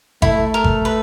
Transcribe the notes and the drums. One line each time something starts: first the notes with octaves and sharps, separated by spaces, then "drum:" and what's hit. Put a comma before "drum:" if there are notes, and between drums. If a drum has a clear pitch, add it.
A3 E4, drum: kick G#1
A#4
drum: kick G#1
B4